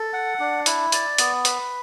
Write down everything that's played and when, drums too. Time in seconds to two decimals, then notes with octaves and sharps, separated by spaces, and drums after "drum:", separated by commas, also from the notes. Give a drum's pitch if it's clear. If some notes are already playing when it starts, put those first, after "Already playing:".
Already playing: A4
0.13 F#5
0.39 D4
0.66 E4, drum: hi-hat
0.92 D5, drum: hi-hat
1.18 B3, drum: hi-hat
1.45 B4, drum: hi-hat